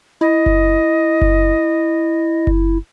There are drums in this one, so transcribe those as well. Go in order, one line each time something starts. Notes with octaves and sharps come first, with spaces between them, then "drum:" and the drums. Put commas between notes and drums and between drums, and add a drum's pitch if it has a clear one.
E4 D#5
drum: kick F#1
drum: kick F#1
drum: kick F#1